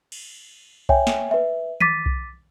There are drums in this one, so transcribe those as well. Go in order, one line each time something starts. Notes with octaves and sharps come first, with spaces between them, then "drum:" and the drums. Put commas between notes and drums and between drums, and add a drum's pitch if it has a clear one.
drum: cymbal
C#5 E5 G5 G#5, drum: kick B1
drum: snare
B4 E5
D6 A6 B6 D#7, drum: tom D#3
drum: kick B1